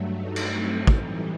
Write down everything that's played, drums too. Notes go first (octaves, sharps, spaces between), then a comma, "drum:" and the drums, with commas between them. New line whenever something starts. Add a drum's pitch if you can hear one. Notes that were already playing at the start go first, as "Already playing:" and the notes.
Already playing: G2 F#3 A3
D#4
drum: cymbal
C4
A2 E3 G3 D#4, drum: kick